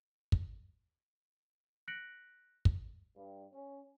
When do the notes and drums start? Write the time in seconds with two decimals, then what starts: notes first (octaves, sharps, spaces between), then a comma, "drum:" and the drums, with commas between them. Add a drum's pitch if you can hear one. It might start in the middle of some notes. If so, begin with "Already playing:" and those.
0.32 drum: kick
1.88 F#6 A#6 B6 C#7 D7 F#7
2.65 drum: kick
3.17 G2
3.53 C#4